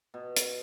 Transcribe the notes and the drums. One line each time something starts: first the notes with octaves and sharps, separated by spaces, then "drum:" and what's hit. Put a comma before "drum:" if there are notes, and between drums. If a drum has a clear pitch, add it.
B2
drum: hi-hat